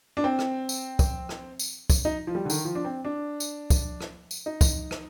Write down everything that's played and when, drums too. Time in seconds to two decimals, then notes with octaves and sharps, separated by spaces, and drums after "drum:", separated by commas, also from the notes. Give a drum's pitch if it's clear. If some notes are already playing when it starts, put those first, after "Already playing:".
0.17 D4
0.24 C4
0.39 drum: rim click
0.69 drum: tambourine
0.99 drum: kick, tambourine
1.29 drum: rim click
1.59 drum: tambourine
1.90 drum: kick, tambourine
2.05 D#4
2.27 F3
2.35 G3
2.45 D3
2.50 D#3, drum: tambourine
2.65 F3
2.75 D4
2.85 C4
3.05 D4
3.40 drum: tambourine
3.70 drum: kick, tambourine
4.01 drum: rim click
4.31 drum: tambourine
4.46 D#4
4.61 drum: kick, tambourine
4.91 drum: rim click